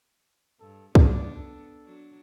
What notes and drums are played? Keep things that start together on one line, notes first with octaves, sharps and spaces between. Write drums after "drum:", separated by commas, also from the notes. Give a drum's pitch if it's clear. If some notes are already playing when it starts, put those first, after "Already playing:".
G2 A4
B3 D4 D5, drum: kick
A4
F#3 D4